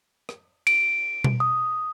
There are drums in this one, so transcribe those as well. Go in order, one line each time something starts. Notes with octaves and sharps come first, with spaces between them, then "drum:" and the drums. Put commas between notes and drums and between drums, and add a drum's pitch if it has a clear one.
drum: rim click
D7, drum: cymbal
drum: tom B2
D#6